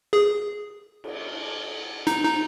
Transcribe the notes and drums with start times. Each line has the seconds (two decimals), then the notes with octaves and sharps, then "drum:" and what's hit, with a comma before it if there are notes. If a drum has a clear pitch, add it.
0.13 G#4
1.04 drum: cymbal
2.07 D#4, drum: hi-hat
2.24 D#4